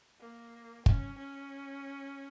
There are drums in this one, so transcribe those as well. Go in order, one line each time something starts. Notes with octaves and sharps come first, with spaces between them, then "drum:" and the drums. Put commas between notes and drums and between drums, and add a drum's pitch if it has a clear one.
A#3
C#4, drum: kick
C#4